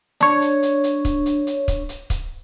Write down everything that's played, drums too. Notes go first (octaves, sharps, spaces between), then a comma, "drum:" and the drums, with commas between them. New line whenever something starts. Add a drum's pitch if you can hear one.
D4 C#5, drum: snare
drum: hi-hat
drum: hi-hat
drum: hi-hat
drum: kick C#1, hi-hat
drum: hi-hat
drum: hi-hat
drum: kick C#1, hi-hat
drum: hi-hat
drum: kick C#1, hi-hat